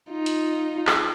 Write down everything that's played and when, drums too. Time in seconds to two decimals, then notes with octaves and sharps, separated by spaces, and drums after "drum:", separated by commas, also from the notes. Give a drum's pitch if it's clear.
0.10 D#4 F4
0.26 drum: hi-hat
0.87 drum: clap